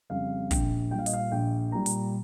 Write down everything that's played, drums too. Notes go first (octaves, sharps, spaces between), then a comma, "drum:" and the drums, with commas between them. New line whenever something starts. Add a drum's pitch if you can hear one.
F2 C#3 G3 F5
A#1 G5, drum: kick, hi-hat
A#2 G3 G5
F5
D#5, drum: hi-hat
F5
A#1 G5
A#2 G3 A#5
drum: hi-hat